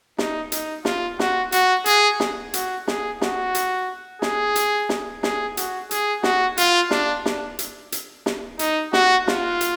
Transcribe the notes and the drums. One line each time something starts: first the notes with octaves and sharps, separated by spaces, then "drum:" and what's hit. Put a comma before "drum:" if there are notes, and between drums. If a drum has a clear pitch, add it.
D#4, drum: snare
D#4, drum: hi-hat
F4, drum: snare
F#4, drum: snare
F#4, drum: hi-hat
G#4, drum: hi-hat
drum: snare
F#4, drum: hi-hat
G#4, drum: snare
F#4, drum: snare
drum: hi-hat
G#4, drum: snare
drum: hi-hat
drum: snare
G#4, drum: snare
F#4, drum: hi-hat
G#4, drum: hi-hat
F#4, drum: snare
F4, drum: hi-hat
D4, drum: snare
D4, drum: snare
drum: hi-hat
drum: hi-hat
drum: snare
D#4, drum: hi-hat
F#4, drum: snare
F4, drum: snare
drum: hi-hat